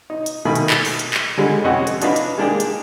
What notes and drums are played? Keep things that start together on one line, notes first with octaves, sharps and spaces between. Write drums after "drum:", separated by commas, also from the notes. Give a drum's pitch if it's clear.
D#4
drum: hi-hat
B2 D#3 A3 A#3 G#5 B5
drum: hi-hat
drum: clap
drum: open hi-hat
drum: hi-hat
drum: clap
D3 G3 G#3
F2 C#4 F#4 G4 D#5 F#5
drum: hi-hat
D4 D#4 F#4 B4 F5 B5, drum: hi-hat
drum: hi-hat
G#3 A#3 D4 D#4 G4 G#4
drum: hi-hat